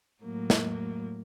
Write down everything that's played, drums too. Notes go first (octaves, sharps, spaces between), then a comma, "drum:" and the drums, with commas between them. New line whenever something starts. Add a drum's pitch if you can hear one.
A2 F#3 A#3
drum: snare